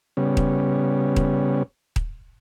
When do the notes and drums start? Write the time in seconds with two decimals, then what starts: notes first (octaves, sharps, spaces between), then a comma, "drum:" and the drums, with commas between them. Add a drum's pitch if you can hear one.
0.17 C#3 G3 B3 C#4
0.37 drum: kick D#1
1.16 drum: kick D#1
1.96 drum: kick D#1